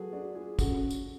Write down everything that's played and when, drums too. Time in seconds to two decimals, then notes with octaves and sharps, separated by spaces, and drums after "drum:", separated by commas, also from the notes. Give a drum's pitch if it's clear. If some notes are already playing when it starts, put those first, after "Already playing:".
Already playing: F#3 F#4 G#4 A4 B4
0.13 D4 F#4
0.35 F4 G#4
0.59 C#4 F#4 A4, drum: kick, tambourine
0.91 drum: tambourine